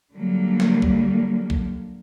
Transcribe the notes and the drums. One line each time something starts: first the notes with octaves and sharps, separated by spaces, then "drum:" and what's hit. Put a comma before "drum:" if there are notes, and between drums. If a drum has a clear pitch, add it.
D3 F#3 G3 A#3
drum: snare
drum: kick B1
drum: kick B1